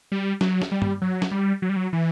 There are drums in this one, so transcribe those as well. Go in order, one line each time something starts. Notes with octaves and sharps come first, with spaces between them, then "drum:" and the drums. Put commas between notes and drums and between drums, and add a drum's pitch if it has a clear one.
G3
F#3, drum: snare
drum: snare
G3
drum: tom
F#3
drum: snare
G3
F#3
G3
F#3
E3